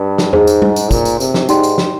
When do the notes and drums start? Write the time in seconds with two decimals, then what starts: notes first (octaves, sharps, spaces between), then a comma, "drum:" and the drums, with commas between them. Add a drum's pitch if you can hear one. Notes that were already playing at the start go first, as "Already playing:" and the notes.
Already playing: G2
0.18 drum: snare
0.33 G#2 D#4 G#4 C5, drum: tom E2
0.47 drum: tambourine
0.62 drum: tom G3
0.76 drum: tambourine
0.91 A#2, drum: kick, tambourine
1.05 drum: tambourine
1.20 C3, drum: tambourine
1.34 drum: snare
1.49 G#2 D#4 G4 D5 G5 C6, drum: tambourine
1.63 drum: tambourine
1.78 drum: snare